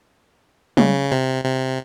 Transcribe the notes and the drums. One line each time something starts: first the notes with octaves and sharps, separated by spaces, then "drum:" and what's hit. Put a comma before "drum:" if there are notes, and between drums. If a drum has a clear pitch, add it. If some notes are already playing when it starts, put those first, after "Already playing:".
C#3, drum: tom F#3
C3
C3